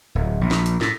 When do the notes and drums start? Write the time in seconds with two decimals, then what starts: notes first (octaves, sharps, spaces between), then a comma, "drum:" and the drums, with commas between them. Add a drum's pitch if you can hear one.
0.15 D1
0.41 A#1
0.51 drum: snare
0.66 drum: hi-hat
0.81 A2, drum: snare